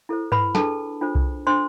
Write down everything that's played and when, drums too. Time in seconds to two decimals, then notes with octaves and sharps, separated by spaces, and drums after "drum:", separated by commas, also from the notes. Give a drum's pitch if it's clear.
0.09 E4 A4 C5
0.32 B4 B5, drum: tom G2
0.55 D4 G#4 A4 B4 A5, drum: snare
1.01 D4 F4 A4 C5
1.15 drum: kick C2
1.47 D4 A4 C5 C6